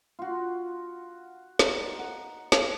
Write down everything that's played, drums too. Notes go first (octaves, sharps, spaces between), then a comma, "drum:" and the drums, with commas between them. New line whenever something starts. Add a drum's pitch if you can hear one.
F4 F#4
D#4, drum: snare
F#5
drum: snare